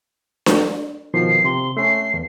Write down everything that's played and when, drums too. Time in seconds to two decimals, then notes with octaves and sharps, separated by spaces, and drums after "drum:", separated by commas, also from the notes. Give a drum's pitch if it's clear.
0.46 drum: snare D4
1.14 B2 D#3 F3 C7
1.44 C3 C6
1.77 A3 C#4 C7
2.14 E2